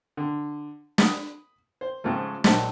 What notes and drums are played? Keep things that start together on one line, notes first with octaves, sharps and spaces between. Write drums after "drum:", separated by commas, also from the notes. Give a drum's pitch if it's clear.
D3
B5 D#6, drum: snare
C5
G#2 C#3 F3 A3
A#1 F#3 D#4 A4 C5 D#5, drum: snare